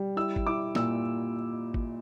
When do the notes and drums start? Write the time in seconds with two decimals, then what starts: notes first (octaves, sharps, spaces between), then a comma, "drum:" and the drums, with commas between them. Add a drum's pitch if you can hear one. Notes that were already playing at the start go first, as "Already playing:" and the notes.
Already playing: G3
0.16 E4 E6
0.36 drum: kick G#1
0.46 E4 D6
0.75 A#2 E6, drum: snare
1.74 drum: kick G#1